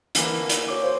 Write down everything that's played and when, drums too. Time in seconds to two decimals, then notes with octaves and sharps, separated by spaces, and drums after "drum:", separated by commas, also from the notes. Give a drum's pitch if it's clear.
0.15 D3 E3 A#3, drum: hi-hat
0.49 D5, drum: hi-hat
0.68 F#4 C#5 D6
0.83 C5 F5